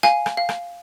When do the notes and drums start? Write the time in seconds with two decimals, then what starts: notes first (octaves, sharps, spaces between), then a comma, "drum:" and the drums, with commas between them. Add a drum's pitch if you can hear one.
0.03 F5 G#5, drum: rim click
0.26 drum: rim click
0.37 F5
0.49 drum: rim click